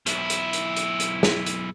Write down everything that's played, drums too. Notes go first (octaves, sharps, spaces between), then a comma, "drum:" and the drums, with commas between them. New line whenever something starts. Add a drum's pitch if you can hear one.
B1 E4, drum: hi-hat
drum: hi-hat
drum: hi-hat
drum: hi-hat
drum: hi-hat
drum: snare
drum: hi-hat